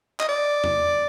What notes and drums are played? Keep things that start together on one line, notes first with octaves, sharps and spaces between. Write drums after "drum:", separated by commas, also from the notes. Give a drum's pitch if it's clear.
D#5, drum: clap
D5
drum: tom E2